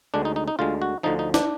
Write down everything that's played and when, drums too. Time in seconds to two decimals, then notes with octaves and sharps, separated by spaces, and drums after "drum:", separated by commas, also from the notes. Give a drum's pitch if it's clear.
0.14 D2 D3 G#3 D4
0.25 D#4
0.36 D#4
0.48 D#4
0.59 D2 D3 G#3 F4
0.82 F#4
1.03 D2 D3 F3 D#4
1.19 D#4
1.34 D4, drum: snare